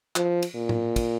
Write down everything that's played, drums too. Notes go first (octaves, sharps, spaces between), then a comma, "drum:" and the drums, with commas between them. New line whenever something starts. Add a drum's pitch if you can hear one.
F3, drum: clap
drum: cymbal
A#2
drum: tom A2
drum: kick, cymbal